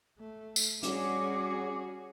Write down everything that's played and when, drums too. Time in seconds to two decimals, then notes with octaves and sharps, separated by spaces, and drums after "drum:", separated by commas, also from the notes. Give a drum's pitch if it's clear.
0.19 A3
0.56 drum: tambourine
0.83 G3 C#4 F#4 G#4 D6, drum: hi-hat